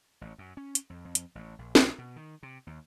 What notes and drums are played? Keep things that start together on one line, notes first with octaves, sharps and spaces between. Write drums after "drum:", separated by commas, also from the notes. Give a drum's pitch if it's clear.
A1
F#2
C#4
drum: hi-hat
F2
F2
drum: hi-hat
A1
A#1
drum: snare
B2
D#3
C3
D#2